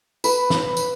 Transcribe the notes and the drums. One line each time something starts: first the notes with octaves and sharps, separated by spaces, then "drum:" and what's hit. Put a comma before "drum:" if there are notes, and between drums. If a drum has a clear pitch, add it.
B4, drum: tambourine
drum: snare
drum: tambourine